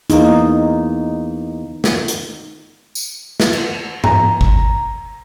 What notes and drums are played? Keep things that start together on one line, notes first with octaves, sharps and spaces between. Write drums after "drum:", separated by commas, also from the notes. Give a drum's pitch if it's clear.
E2 A#3 D#4, drum: hi-hat
drum: snare
drum: hi-hat
drum: tambourine
drum: snare
drum: cymbal
A#5, drum: tom G#2
drum: kick G1